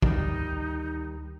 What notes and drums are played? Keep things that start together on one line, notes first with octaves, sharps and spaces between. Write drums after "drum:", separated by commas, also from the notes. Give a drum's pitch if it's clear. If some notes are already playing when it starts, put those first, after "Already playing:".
D2 D#3 G3 D#4, drum: kick